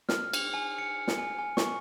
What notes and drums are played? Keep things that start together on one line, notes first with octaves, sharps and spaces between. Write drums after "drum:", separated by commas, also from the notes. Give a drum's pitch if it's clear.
F6, drum: snare
drum: cymbal
G#5
C#7
drum: snare
G#5
G#5
C#6, drum: snare